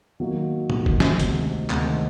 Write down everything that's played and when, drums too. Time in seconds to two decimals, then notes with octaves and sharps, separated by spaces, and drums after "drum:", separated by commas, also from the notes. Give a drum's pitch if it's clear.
0.20 D#3 F#3 A#3
0.70 D#3 F#3 A#3, drum: tom
0.86 drum: kick
1.00 drum: snare
1.20 D2 C3 D#3 G#3 C4, drum: hi-hat
1.70 D2 C3 D#3 G#3 C4, drum: clap